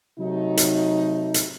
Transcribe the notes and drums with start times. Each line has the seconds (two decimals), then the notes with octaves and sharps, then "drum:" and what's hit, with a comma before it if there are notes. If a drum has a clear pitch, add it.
0.19 C3 F#3 A3 D#4
0.57 drum: hi-hat
1.34 drum: hi-hat